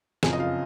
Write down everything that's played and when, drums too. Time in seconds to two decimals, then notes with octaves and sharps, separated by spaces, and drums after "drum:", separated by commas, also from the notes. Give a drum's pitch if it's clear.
0.23 F#1 F2 C#3 F3 G#4 G#5, drum: snare
0.33 D#5
0.39 F4 F5